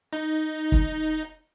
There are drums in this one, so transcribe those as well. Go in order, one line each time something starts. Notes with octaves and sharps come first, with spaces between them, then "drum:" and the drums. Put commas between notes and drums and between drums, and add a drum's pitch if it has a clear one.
D#4
drum: kick